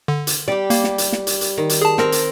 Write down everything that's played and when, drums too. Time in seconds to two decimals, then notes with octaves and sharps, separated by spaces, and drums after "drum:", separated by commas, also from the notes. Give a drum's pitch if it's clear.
0.08 D3
0.27 drum: hi-hat
0.48 G3 G4 D5
0.70 A#3, drum: hi-hat
0.84 drum: snare
0.98 drum: hi-hat
1.12 drum: snare
1.27 drum: hi-hat
1.41 drum: hi-hat
1.57 D#3
1.69 drum: hi-hat
1.82 G#4 A5
1.98 C4 A#4, drum: snare
2.12 drum: hi-hat